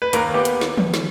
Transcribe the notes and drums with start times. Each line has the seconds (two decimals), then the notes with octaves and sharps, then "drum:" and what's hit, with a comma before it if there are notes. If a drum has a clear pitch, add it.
0.02 B4
0.13 D#2 A#4, drum: hi-hat
0.34 B3 G4
0.45 drum: hi-hat
0.61 drum: snare
0.78 drum: tom
0.94 drum: snare